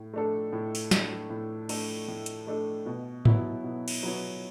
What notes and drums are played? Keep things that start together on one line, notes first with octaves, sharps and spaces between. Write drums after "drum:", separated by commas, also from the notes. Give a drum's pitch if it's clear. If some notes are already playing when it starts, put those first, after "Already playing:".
Already playing: A2
A3 D4 A4
A2
drum: open hi-hat
A3 D4 A4, drum: snare
A2
A3 D4 A4, drum: cymbal
A2
drum: hi-hat
A3 D4 A4
B2
F#3 B3 E4, drum: tom G#2
B2
drum: cymbal
F#3 B3 E4